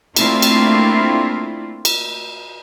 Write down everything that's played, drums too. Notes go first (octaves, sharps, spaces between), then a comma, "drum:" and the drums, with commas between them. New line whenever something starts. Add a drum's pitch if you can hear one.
A3 A#3 C4 D4 E4 F4, drum: cymbal
drum: cymbal
drum: cymbal